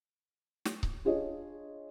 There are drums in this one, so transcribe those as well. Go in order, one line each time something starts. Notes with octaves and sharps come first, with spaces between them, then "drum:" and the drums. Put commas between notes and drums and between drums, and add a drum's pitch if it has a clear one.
drum: snare
drum: kick C#1
D4 F4 G#4 C#5 D#5